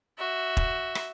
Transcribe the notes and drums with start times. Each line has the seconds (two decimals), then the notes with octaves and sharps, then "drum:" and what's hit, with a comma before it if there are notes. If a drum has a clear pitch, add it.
0.18 F#4 E5
0.57 drum: kick
0.95 drum: rim click